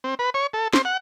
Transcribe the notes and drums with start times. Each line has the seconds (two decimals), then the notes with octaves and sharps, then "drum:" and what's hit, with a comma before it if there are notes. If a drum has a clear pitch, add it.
0.04 C4
0.19 B4
0.34 C#5
0.53 A4
0.73 C5, drum: snare
0.85 F#5